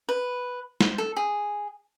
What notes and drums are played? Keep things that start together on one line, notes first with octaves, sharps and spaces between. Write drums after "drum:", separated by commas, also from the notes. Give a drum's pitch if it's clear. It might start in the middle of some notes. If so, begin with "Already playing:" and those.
B4
C5, drum: snare
A4
G#4